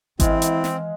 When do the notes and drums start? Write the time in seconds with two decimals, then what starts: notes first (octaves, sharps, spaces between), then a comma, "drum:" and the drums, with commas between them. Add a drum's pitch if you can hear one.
0.20 D#3 E3 G#3 C4 E4 F5, drum: kick G#1, hi-hat
0.42 drum: hi-hat
0.64 drum: snare